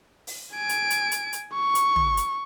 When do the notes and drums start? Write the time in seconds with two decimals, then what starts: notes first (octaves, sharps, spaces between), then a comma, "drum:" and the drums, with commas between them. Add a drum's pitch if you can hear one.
0.27 drum: open hi-hat
0.55 G#5 D7
0.69 drum: hi-hat
0.90 drum: hi-hat
1.11 drum: hi-hat
1.33 drum: hi-hat
1.54 C#6
1.75 drum: hi-hat
1.96 drum: tom
2.17 drum: hi-hat